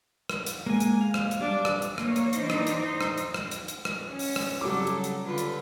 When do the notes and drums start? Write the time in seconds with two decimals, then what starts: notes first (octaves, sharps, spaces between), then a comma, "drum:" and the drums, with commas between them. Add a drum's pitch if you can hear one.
0.30 drum: rim click
0.46 drum: hi-hat
0.66 G#3 A#3 G#5
0.80 drum: hi-hat
1.01 F5
1.14 drum: rim click
1.31 drum: hi-hat
1.40 G3 D4
1.65 drum: rim click
1.82 drum: hi-hat
1.98 A#3 C#5, drum: rim click
2.16 drum: hi-hat
2.33 E3 D4 D#4 C5, drum: hi-hat
2.50 drum: rim click
2.67 drum: hi-hat
2.80 D#4 C5
3.01 drum: rim click
3.17 drum: hi-hat
3.34 drum: rim click
3.51 drum: hi-hat
3.68 drum: hi-hat
3.85 drum: rim click
4.08 C#4
4.19 drum: open hi-hat
4.36 drum: rim click
4.61 C#3 F#3 G3 A4 D6
4.87 drum: hi-hat
5.04 drum: hi-hat
5.24 D3 F4 B4
5.38 drum: hi-hat